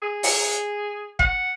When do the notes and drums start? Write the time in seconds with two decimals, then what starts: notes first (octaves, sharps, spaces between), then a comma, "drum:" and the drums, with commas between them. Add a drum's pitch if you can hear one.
0.02 G#4
0.23 drum: open hi-hat
1.19 F#5, drum: kick F#1